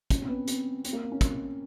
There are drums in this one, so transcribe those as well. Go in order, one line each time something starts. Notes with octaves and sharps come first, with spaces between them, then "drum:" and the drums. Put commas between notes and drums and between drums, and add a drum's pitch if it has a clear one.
C#4, drum: kick, hi-hat
C4
B3
C4, drum: hi-hat
C4, drum: hi-hat
A#3
C4
C#4
C4, drum: kick, hi-hat